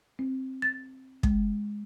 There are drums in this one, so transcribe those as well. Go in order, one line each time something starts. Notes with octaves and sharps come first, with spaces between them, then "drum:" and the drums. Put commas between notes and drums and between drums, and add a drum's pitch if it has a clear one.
C4
A6
G#3, drum: kick